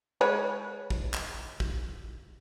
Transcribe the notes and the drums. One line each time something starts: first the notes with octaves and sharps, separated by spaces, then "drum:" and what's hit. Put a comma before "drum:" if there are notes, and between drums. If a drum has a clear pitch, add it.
G#3 B4 C#5
drum: kick
drum: clap
drum: kick